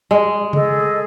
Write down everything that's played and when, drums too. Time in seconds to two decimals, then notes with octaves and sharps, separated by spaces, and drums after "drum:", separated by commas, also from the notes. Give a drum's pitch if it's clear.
0.11 G#3
0.53 G#4 A4 D#5, drum: tom C#3